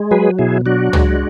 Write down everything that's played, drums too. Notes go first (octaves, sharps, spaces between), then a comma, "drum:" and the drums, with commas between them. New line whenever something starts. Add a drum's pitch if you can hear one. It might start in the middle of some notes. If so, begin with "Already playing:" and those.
Already playing: G#3
F#3 G#4 B4
B2 E4 G#4
F#3 D4 F#4
G#3, drum: tom